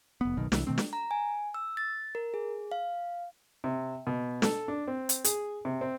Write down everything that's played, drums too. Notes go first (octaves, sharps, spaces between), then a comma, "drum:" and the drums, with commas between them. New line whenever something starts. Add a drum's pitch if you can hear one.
F1 B3
F#1 B1 B2 D#3
C2 E3, drum: snare
B2 D#3 A3 C4
drum: snare
A#5
G#5
E6
A6
A#4
G#4
F5
C3
B2
A4, drum: snare
D4
C4
drum: hi-hat
G#4, drum: hi-hat
C3
C4